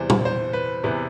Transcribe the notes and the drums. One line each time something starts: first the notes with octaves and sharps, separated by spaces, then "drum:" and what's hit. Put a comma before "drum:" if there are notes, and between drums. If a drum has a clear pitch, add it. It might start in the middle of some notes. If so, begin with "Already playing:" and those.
Already playing: E2 C3 E3 G3 C5
drum: tom A#2
C5
B4
E2 C3 E3 B4